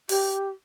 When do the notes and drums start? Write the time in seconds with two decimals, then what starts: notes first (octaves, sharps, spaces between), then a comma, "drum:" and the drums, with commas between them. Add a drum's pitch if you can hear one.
0.09 G4, drum: open hi-hat